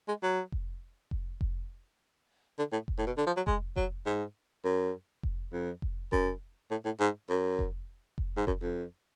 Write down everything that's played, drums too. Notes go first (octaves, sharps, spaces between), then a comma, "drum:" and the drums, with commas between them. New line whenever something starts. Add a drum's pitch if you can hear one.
G#3
F#3
drum: kick F1
drum: kick F1
drum: kick F1
D3
A2
drum: kick F1
A2
B2
D3
F3
F#3
G#3, drum: kick F1
F#3, drum: kick F1
G#2
F#2
drum: kick F1
F2
drum: kick F1
F#2, drum: kick F1
A2
A2
G#2
F#2
drum: kick F1
drum: kick F1
G#2
F#2, drum: kick F1
F2